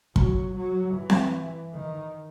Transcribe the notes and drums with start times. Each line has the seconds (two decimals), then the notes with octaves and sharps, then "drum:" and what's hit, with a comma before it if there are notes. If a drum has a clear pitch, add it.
0.16 F#3, drum: kick
0.55 F#3
0.95 E3
1.10 drum: snare C4
1.74 D#3